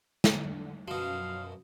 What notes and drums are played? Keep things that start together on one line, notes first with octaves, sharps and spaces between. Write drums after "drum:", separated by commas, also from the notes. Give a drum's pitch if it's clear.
D3, drum: snare
F#2 B2 F3 F#4 F5 D#6